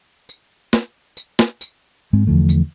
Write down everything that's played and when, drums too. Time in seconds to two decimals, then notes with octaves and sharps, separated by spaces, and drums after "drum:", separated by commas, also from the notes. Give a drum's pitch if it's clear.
0.29 drum: tambourine
0.73 drum: snare
1.17 drum: tambourine
1.39 drum: snare
1.61 drum: tambourine
2.13 G#2 G#3 C4
2.27 E2 D3 F3 A3
2.49 drum: tambourine